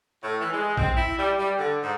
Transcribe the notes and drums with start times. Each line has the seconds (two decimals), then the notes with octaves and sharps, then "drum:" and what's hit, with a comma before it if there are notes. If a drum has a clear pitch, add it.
0.22 A2
0.40 E3
0.53 G#3
0.77 C4, drum: kick
0.97 E4
1.19 G3
1.39 G3
1.59 D3
1.83 G#2